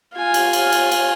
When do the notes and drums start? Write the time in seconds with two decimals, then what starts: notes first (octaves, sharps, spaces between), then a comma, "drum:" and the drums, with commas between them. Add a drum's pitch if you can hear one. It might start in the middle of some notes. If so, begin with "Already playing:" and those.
0.15 F4 G#5
0.34 drum: cymbal
0.53 drum: cymbal
0.72 drum: cymbal
0.92 drum: cymbal